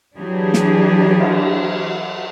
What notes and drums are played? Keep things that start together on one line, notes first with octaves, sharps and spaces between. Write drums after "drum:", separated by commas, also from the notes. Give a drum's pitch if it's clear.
E3 F#3 D4 G4 G#4
drum: snare
drum: cymbal